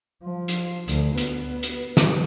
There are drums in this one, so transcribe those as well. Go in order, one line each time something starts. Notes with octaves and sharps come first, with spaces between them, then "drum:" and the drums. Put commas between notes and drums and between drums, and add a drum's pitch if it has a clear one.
F3
drum: hi-hat
D2, drum: hi-hat
B3, drum: hi-hat
drum: hi-hat
drum: snare